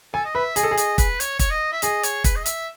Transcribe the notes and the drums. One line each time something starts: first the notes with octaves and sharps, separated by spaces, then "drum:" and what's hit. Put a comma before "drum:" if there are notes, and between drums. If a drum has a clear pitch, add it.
A4 G#5
D#5
B4 E5
G#4 D#5, drum: hi-hat
A4
G#4
D#5, drum: hi-hat
B4, drum: kick, hi-hat
C#5, drum: hi-hat
C#5, drum: kick, hi-hat
D#5
E5
G#4 D#5, drum: hi-hat
C#5, drum: hi-hat
B4, drum: kick, hi-hat
D#5
E5, drum: hi-hat